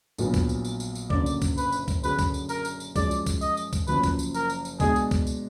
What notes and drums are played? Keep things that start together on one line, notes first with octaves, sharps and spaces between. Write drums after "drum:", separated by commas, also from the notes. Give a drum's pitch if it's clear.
A#1 A#2 F#3 B3, drum: tambourine
drum: kick, tambourine
drum: tambourine
drum: tambourine
drum: tambourine
drum: tambourine
F#1 F#2 D3 D5, drum: kick
drum: tambourine
drum: kick, tambourine
B4, drum: tambourine
drum: tambourine
drum: kick, tambourine
F#2 D3 F#3 D4 G#4 B4, drum: tambourine
drum: kick, tambourine
drum: tambourine
A#4, drum: tambourine
drum: tambourine
drum: tambourine
F#2 F3 G#3 D5, drum: kick, tambourine
drum: tambourine
drum: kick, tambourine
D#5, drum: tambourine
drum: tambourine
drum: kick, tambourine
F#1 F#2 F3 B4, drum: tambourine
drum: kick, tambourine
drum: tambourine
A#4, drum: tambourine
drum: tambourine
drum: tambourine
B2 G#3 D4 G#4, drum: kick, tambourine
drum: tambourine
drum: kick, tambourine
drum: tambourine